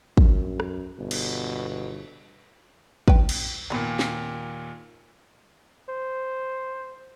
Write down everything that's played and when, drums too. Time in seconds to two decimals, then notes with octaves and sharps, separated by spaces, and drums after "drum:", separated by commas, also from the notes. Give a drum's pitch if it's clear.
0.17 F#2, drum: kick
0.60 drum: rim click
0.99 G1 B2
1.11 drum: cymbal
3.08 B4 G5, drum: kick
3.29 drum: cymbal
3.70 D#2 A#2 F3 B3
3.99 drum: snare
5.89 C5